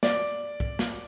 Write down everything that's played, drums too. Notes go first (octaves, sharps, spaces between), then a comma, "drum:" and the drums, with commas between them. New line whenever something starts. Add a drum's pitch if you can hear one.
D5, drum: snare
drum: kick
drum: snare